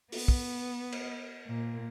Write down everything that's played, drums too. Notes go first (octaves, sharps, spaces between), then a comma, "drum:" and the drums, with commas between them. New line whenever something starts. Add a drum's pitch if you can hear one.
B3, drum: open hi-hat
drum: kick
drum: cymbal
A#2